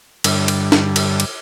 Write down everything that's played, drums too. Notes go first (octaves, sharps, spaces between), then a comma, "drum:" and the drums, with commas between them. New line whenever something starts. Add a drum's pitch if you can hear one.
G2 D3 G3, drum: cymbal
drum: cymbal
drum: snare
drum: cymbal
drum: cymbal